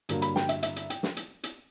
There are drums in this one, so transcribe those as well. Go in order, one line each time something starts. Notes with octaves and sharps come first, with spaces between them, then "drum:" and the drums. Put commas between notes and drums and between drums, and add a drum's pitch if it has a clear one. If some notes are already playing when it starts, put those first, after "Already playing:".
G2 D3 F#3 A#3, drum: hi-hat
B5, drum: hi-hat
G5, drum: snare
E5, drum: hi-hat
E5, drum: hi-hat
drum: hi-hat
G5, drum: hi-hat
drum: snare
drum: hi-hat
drum: hi-hat